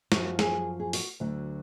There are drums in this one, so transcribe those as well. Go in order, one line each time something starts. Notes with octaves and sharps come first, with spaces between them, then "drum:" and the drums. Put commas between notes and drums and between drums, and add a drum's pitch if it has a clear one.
F#2 F3 F#4, drum: snare
G#4, drum: snare
G#4
F#4, drum: open hi-hat
D2 D3 F#3